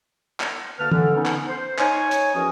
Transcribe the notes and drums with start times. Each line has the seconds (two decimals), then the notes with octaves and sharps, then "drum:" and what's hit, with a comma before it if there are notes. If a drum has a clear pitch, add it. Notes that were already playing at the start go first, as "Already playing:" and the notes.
0.40 drum: clap
0.79 D2 D3 A#3 B4 A5 F6
0.92 D3 E3, drum: tom
1.15 B3 C#4 D#4
1.26 drum: clap
1.47 C5
1.79 D#4 C#5 G#5, drum: clap
2.11 drum: hi-hat
2.34 E2 F3 C#4 F#4 A#4 D#6